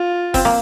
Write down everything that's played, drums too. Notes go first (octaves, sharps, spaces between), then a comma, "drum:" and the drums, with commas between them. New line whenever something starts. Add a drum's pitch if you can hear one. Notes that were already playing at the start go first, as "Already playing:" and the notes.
Already playing: F4
C4, drum: kick, open hi-hat
A#3